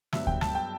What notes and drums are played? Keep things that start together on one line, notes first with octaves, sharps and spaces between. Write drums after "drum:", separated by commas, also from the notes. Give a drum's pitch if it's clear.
G2 F#3 B3 E5, drum: snare
G5, drum: kick D2
A5, drum: snare
G5